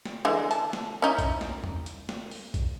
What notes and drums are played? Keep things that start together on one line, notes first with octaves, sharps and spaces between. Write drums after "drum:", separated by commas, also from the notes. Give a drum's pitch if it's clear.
drum: snare
D3 E3 G#3
A5, drum: hi-hat
drum: snare
C#4 D#4 E4
drum: kick A#1, hi-hat
drum: snare
drum: tom E2
drum: hi-hat
drum: snare
drum: open hi-hat
drum: kick A#1, hi-hat